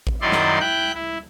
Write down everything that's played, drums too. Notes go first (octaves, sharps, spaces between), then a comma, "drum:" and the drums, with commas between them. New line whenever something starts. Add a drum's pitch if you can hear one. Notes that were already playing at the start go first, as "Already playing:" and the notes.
drum: kick A1
F#2 D#3 D#4 E4 D5 C6
drum: snare
E4 G5 F#6 G6
E4